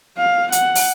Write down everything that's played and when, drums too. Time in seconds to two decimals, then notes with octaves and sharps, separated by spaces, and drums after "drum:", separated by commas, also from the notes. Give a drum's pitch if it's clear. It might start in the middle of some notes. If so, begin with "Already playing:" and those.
0.18 F5
0.52 F#5, drum: hi-hat
0.75 drum: open hi-hat